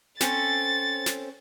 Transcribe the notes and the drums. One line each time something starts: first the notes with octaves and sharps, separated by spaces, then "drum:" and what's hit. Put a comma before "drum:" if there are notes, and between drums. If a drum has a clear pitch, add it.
C4 C#4 A4 A6, drum: snare
drum: snare